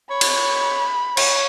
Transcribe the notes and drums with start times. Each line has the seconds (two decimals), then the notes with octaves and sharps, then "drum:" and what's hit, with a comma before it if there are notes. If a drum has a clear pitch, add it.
0.10 C#5 B5
0.21 drum: cymbal
1.17 C#5, drum: cymbal